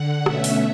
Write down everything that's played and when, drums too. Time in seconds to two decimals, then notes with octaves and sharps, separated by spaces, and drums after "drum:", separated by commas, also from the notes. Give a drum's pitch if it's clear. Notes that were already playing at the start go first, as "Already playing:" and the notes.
Already playing: D3 F#5
0.26 B2 A3 C#4 E5, drum: rim click
0.44 drum: open hi-hat